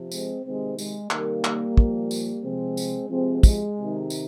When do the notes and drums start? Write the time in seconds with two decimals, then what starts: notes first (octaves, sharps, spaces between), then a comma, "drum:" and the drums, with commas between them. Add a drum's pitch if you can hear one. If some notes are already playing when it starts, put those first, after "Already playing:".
Already playing: C3 F3
0.12 G#3 C4, drum: tambourine
0.44 C3 D#3 G#3 C4
0.78 G#3, drum: tambourine
1.11 C3 D#3 G3 A#3, drum: clap
1.44 drum: clap
1.77 A#2 F3, drum: kick
2.11 drum: tambourine
2.44 C3 F3 G#3 C4
2.77 drum: tambourine
3.10 C3 F3 G#3 C4
3.43 G#3, drum: kick, tambourine
3.77 C3 D#3
4.10 drum: tambourine